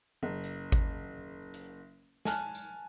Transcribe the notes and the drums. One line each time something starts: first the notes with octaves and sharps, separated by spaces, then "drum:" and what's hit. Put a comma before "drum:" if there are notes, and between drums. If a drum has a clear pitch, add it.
F#1
drum: hi-hat
drum: kick G#1
drum: hi-hat
G#5 A5 F6 F#6, drum: snare
drum: tambourine